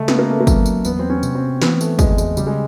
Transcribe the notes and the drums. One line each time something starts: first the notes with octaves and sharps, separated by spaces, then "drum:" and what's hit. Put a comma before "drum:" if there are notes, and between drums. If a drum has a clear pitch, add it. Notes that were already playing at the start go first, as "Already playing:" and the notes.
Already playing: C#3 G#3 A3
B3 C#4, drum: snare A3
A#3
A3
A#3
F#3, drum: kick, tambourine
drum: tambourine
E2 B3, drum: tambourine
C4
C#4
C3, drum: tambourine
C4
E3 B3, drum: snare A3
A3, drum: tambourine
E2 G#3, drum: kick, tambourine
G#3, drum: tambourine
C#3 G3, drum: tambourine
G#3